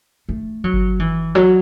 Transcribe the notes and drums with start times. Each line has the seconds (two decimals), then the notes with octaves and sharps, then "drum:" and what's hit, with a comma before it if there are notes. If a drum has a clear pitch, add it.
0.29 A3
0.64 F#3
0.74 drum: kick G1
1.00 E3
1.35 F#3